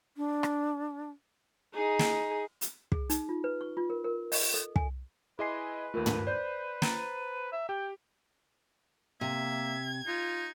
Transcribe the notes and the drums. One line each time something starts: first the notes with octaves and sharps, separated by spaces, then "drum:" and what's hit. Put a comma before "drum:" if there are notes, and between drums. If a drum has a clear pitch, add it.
D4
drum: rim click
D#4 G#4
drum: snare
drum: hi-hat
G#4, drum: kick
D#4, drum: hi-hat
F4
B4
C#6
F4
A#4
A#4
D#5, drum: open hi-hat
A4
G#5, drum: kick
E4 G#4 B4 D#5 G#5 C6 C7
D#2 A3 F4 A#4
drum: tom
C5 D5 G6
A#5 A6, drum: snare
E5
G4 G5
C3 A#3 E5 G#6
D#4 F4